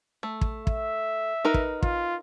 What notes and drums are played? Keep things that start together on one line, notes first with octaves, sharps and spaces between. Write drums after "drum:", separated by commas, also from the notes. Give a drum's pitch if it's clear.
A3
drum: kick
E5, drum: kick
D#4 A#4 B4
drum: kick
F4, drum: kick